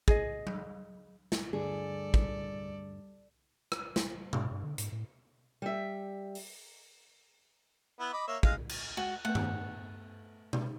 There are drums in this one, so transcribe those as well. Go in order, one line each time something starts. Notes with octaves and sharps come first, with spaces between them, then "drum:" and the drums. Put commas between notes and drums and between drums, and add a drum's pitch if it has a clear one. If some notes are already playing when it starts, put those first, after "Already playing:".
G#4 D#5, drum: kick
drum: tom F#3
drum: snare
D2 G2 D3 G3 G#4 A4 D5
drum: kick
drum: rim click
drum: snare
G#2, drum: tom B2
G2
D3
G#2, drum: hi-hat
A2
G3 E5
drum: open hi-hat
B3 E4
D#5 B5 D6
A#3 C#5 E5
G#3 F5, drum: kick
drum: cymbal
G#3 F#4 G#5
A3 B3 C5 F#5
drum: tom G2
drum: tom B2